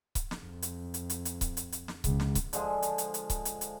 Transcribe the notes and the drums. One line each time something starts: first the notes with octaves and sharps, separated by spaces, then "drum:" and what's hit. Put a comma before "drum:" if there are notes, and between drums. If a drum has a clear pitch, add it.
drum: kick C#1, hi-hat
drum: snare
F2
drum: hi-hat
drum: hi-hat
drum: hi-hat
drum: hi-hat
drum: kick C#1, hi-hat
drum: hi-hat
drum: hi-hat
drum: snare
C#2, drum: kick C#1, hi-hat
drum: snare
drum: kick C#1, hi-hat
D3 F3 G#3, drum: hi-hat
drum: hi-hat
drum: hi-hat
drum: hi-hat
drum: kick C#1, hi-hat
drum: hi-hat
drum: hi-hat